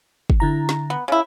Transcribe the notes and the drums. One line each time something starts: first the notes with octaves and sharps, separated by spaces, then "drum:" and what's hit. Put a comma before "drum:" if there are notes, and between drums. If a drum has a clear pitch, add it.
drum: kick
D3 E4 A#5
drum: snare
B3
C#3 E4